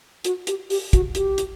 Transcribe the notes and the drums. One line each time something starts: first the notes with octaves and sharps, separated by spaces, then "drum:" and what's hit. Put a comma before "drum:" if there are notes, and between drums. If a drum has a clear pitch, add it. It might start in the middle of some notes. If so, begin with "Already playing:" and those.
F#4, drum: hi-hat
G4, drum: hi-hat
G4, drum: open hi-hat
F#4, drum: kick, hi-hat
G4, drum: hi-hat
drum: hi-hat